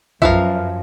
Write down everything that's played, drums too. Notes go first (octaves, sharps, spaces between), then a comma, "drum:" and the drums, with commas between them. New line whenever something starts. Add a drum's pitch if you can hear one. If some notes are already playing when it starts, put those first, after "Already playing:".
F#2 F3 A#4 B4 E5 F5, drum: kick A#1